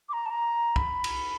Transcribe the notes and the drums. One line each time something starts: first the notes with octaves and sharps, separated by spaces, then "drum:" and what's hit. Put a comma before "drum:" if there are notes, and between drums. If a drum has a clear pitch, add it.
D6
A#5
A5
A#5
B5, drum: kick
drum: cymbal